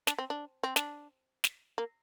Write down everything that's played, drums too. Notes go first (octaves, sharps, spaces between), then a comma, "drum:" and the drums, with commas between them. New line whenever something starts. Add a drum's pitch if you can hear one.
D4, drum: snare
C4
D4
C4
D4, drum: snare
drum: snare
A#3